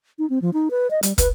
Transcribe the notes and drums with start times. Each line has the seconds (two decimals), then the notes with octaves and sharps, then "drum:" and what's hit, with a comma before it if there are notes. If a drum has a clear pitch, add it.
0.19 D#4
0.30 C4
0.42 F3
0.54 D#4
0.71 B4
0.91 D#5
1.03 G3, drum: hi-hat
1.18 B4, drum: kick, hi-hat